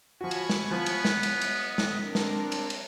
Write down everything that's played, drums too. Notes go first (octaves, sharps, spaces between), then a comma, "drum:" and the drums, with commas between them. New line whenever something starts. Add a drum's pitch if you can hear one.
F3 F#4 G#5 B5 C#6
drum: cymbal
drum: snare
F3 B3
drum: cymbal
drum: snare
drum: cymbal
D#5, drum: cymbal
drum: snare
C4 D4 A#4
drum: snare
drum: cymbal
drum: cymbal